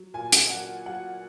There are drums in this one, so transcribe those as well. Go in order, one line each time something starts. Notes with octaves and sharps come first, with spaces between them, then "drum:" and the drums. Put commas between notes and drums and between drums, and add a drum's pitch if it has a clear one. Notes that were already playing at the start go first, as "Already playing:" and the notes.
Already playing: F#3
A#2 G#5
drum: hi-hat
F#3 F#5
F#3 F#5